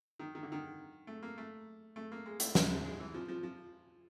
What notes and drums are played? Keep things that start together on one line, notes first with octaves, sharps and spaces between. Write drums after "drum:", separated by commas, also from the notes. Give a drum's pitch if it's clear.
D#3
D#3
D3
D#3
A3
A#3
A3
A3
A#3
G#3
A3, drum: hi-hat
G#3, drum: snare
G#3
G#3
E3
F3
F3
F3